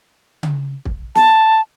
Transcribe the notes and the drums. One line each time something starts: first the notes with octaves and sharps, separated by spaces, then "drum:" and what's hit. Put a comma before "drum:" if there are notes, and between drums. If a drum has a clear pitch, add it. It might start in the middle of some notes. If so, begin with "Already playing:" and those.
drum: tom C#3
drum: kick
A5, drum: snare